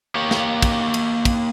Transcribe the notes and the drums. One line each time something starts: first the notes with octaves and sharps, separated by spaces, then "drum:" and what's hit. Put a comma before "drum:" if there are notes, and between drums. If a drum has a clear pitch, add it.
A#3 G4 C#5
drum: snare
drum: kick, cymbal
drum: cymbal
drum: kick, cymbal